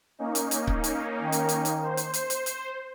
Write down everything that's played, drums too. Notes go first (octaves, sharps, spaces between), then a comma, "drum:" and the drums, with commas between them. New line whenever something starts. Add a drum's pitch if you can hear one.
A#3 C#4 D#4
drum: hi-hat
drum: hi-hat
drum: kick C#1
drum: hi-hat
D#3
drum: hi-hat
drum: hi-hat
drum: hi-hat
C5
drum: hi-hat
drum: hi-hat
drum: hi-hat
drum: hi-hat